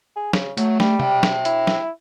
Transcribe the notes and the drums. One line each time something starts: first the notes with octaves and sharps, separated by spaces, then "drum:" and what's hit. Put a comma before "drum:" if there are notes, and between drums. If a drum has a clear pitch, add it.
G#4
C#3, drum: snare
F#3 A3, drum: hi-hat
G3, drum: snare
E5 G5, drum: tom
drum: snare
E4, drum: hi-hat
drum: snare